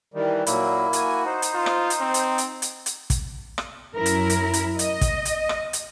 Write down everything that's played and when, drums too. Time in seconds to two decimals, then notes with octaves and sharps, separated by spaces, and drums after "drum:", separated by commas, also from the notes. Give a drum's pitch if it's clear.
0.14 D#3 E3 G3
0.47 A#2 F#3 A#3 E4, drum: hi-hat
0.93 F#4 G#5, drum: hi-hat
1.26 D#4 C5
1.42 drum: hi-hat
1.54 F4
1.66 drum: rim click
1.90 drum: hi-hat
2.01 C4
2.14 drum: hi-hat
2.38 drum: hi-hat
2.62 drum: hi-hat
2.86 drum: hi-hat
3.10 drum: kick, hi-hat
3.58 drum: rim click
3.96 F#2 E4 A#4
4.06 drum: hi-hat
4.30 drum: hi-hat
4.54 drum: hi-hat
4.79 D#5, drum: hi-hat
5.01 drum: kick, hi-hat
5.25 drum: hi-hat
5.49 drum: rim click
5.73 drum: hi-hat